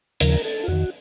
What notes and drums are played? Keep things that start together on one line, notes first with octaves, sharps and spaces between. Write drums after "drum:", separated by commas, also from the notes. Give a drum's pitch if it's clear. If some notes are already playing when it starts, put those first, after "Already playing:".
D#2 C#3 F3 A#4, drum: hi-hat
A4
F4
F2 D#3 F#4